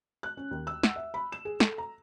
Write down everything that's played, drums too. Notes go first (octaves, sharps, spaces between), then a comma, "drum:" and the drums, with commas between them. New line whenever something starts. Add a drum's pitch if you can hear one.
F#6
C#4
D#2
E6
F#5, drum: snare
E5
B5
E7
G#4
A4, drum: snare
A#5